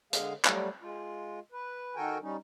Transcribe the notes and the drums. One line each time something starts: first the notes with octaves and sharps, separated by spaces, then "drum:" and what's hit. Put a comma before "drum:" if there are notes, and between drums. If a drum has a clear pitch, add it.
D3 G#3 G#4 F5, drum: hi-hat
F#3 G3 A3, drum: clap
G#3 F4
B4
D#3 F#4 A4 A#4 G5 G#5
G3 C#4 D#4